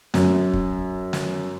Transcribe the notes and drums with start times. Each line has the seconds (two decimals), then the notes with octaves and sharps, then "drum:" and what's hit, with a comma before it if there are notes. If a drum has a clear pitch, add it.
0.14 F#2, drum: snare
0.53 drum: kick
1.13 drum: snare